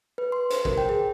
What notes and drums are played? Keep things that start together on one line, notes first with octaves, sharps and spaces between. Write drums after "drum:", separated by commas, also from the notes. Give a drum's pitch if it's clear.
B4
C6
C5, drum: hi-hat
A#4, drum: kick
G5
G#4